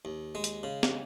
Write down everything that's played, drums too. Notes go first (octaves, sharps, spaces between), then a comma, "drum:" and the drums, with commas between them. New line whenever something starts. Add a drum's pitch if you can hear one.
D#2
G#3
drum: hi-hat
C#3
drum: snare